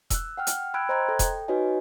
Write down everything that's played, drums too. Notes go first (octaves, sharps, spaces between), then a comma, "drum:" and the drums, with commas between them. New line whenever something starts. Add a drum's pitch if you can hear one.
E6 F#6, drum: kick E1, hi-hat
F#5 G5 F6
drum: hi-hat
G5 B5 E6 F#6 G#6 D7
C5 D#5 A#5 C6 F#6 G#6
A4 G5
drum: kick E1, hi-hat
D#4 F#4 B4 C#5 D#5 G#5